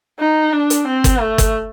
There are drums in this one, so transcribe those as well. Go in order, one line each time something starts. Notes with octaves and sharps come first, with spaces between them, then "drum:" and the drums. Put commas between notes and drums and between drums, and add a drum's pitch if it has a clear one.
D#4
D4
drum: hi-hat
C4
drum: kick, hi-hat
A3
drum: kick, hi-hat